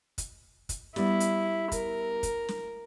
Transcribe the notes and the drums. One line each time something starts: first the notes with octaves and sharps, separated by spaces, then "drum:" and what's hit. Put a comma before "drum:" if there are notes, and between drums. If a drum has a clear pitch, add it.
drum: kick, hi-hat
drum: kick, hi-hat
G3 B3 E4, drum: snare
drum: hi-hat
A#4, drum: kick, hi-hat
drum: kick, hi-hat
drum: snare